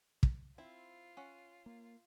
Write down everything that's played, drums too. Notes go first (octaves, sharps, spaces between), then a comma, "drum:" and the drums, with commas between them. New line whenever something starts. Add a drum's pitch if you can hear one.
drum: kick
C4 E4 F4
C#4 F#5
A#3